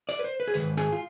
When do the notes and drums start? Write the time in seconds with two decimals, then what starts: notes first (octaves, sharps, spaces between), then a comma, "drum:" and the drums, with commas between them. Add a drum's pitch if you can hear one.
0.09 D5, drum: hi-hat
0.19 B4
0.24 C5
0.40 B4
0.48 G#4
0.54 G#2 D#3 B4, drum: hi-hat
0.77 G#4, drum: rim click
0.92 F4